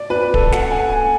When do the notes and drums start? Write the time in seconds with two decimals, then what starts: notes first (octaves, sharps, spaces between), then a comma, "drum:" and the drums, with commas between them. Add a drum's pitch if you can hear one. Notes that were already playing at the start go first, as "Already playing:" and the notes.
Already playing: D5
0.10 B4
0.34 A4, drum: kick D1
0.52 F#5, drum: snare
0.71 G#5
0.89 G#5